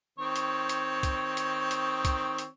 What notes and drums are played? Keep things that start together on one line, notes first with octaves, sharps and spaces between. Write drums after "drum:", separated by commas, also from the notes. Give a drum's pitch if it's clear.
D#3 C4 C#5
drum: hi-hat
drum: hi-hat
drum: kick, hi-hat
drum: hi-hat
drum: hi-hat
drum: kick, hi-hat
drum: hi-hat